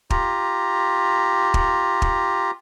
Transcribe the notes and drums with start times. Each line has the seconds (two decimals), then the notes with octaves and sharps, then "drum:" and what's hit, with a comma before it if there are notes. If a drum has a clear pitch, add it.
0.10 F4 G4 A#5, drum: kick
1.54 drum: kick
2.02 drum: kick